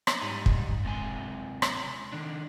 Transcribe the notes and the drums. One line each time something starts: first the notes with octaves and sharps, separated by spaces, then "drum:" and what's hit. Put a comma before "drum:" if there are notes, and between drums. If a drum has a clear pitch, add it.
drum: rim click
G#2 G3 D#4
drum: kick
C3 G#3 G#5 C6
drum: rim click
D#3 D4